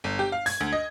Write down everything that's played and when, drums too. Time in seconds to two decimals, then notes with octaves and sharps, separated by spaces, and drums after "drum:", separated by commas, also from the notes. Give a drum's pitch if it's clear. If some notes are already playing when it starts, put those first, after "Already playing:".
0.04 G1
0.19 G4
0.32 F5
0.46 G#6, drum: open hi-hat
0.60 D2
0.73 D#5